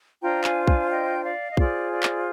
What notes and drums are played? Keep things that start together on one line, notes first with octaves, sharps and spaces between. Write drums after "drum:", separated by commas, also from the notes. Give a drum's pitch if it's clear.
D4 F4 C5 G5 A#5
F5 G#5, drum: clap
F5 G#5, drum: kick
D#5 G5
D#5
D5 F5
D#5
F4 G#4 C5 D5, drum: kick
D5
drum: clap